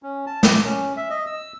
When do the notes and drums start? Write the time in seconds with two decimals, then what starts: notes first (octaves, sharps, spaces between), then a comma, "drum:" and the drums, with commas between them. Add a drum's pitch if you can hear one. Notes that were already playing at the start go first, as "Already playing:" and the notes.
0.03 C#4
0.26 A5
0.43 D6, drum: snare
0.64 C#4
0.97 E5
1.10 D#5
1.26 E6